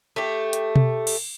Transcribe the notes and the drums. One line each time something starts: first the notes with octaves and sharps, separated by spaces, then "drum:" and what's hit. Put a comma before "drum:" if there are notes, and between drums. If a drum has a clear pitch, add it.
A3 G4
drum: hi-hat
drum: tom B2
drum: cymbal